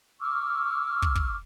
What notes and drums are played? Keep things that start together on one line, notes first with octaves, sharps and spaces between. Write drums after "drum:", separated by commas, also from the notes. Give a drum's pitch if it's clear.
C#6 D6 E6 F6
drum: kick
drum: kick